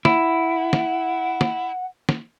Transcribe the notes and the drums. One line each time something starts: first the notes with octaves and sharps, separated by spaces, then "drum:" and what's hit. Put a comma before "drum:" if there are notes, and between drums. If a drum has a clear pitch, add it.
E4 F#5, drum: snare
drum: snare
drum: snare
drum: snare